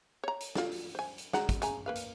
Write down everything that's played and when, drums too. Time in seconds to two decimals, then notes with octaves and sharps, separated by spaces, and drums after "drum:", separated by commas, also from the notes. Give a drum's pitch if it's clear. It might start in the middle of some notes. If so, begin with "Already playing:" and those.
0.24 C#5 A#5
0.40 drum: hi-hat
0.55 F4 A4, drum: snare
0.71 drum: open hi-hat
0.95 C5 G#5
1.18 drum: hi-hat
1.33 G#3 F#5 A#5, drum: snare
1.49 drum: kick, hi-hat
1.62 C#3 G#5 A#5, drum: hi-hat
1.86 A#3 B4 F5
1.95 drum: hi-hat